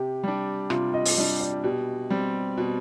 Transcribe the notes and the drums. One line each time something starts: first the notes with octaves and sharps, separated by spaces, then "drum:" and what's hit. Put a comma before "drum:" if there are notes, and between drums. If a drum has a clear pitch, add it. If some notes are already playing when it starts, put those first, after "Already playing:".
Already playing: C3 G4
G3 D4
C3 F4, drum: rim click
D#5
drum: open hi-hat
G3 D4 D#5
D5
B2 G4
G3 C4
B2